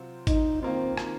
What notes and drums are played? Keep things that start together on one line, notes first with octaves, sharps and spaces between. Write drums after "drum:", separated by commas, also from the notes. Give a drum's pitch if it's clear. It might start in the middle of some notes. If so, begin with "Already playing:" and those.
Already playing: C3 F#3 C4 F4
D#4, drum: kick, hi-hat
D#3 A#3 C4 F4
drum: rim click